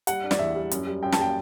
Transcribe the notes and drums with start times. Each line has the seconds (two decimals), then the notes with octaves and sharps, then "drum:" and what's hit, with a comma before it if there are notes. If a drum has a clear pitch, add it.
0.07 G3 F#5, drum: hi-hat
0.24 D4
0.31 D5, drum: snare
0.39 E2 E5
0.55 G3
0.71 F#2, drum: hi-hat
0.87 G3
1.03 F#2 G5
1.12 A5, drum: snare
1.18 G3 G5